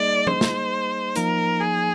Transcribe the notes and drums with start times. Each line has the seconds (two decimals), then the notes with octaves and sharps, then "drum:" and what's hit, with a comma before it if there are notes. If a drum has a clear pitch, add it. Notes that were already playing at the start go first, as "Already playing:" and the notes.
Already playing: G3 A#3 D#4 G#4 D5 D#5
0.27 C5, drum: tom F3
0.41 drum: snare
1.16 F3 A#3 D#4 A#4, drum: hi-hat
1.61 G#4